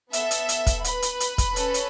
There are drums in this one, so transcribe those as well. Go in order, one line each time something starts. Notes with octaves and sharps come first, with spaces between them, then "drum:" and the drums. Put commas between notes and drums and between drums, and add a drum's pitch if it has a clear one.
B3 A4 E5, drum: hi-hat
drum: hi-hat
drum: hi-hat
drum: kick, hi-hat
B4 B5, drum: hi-hat
drum: hi-hat
drum: hi-hat
drum: kick, hi-hat
C#4 A4, drum: hi-hat
drum: hi-hat